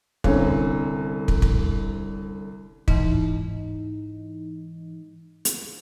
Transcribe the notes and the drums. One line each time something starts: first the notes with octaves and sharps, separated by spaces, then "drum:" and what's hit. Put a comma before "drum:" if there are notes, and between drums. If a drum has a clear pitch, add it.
C2 D3 C4 C#4, drum: kick
drum: kick
drum: kick
G#2 E3 D#4, drum: kick
drum: hi-hat